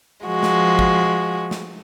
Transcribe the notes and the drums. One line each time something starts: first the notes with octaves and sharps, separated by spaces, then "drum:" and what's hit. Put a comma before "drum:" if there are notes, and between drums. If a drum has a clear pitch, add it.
F3 G#3 F#4
drum: snare
drum: kick
drum: snare